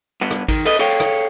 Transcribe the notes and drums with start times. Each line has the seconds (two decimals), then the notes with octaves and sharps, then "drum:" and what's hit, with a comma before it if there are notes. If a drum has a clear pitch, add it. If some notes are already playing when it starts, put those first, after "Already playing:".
0.21 G2 B3
0.31 drum: rim click
0.48 D#3, drum: kick A1, cymbal
0.65 A4 B4 D#5, drum: cymbal
0.79 G#4 A4 C#5 F5 G5
1.00 drum: rim click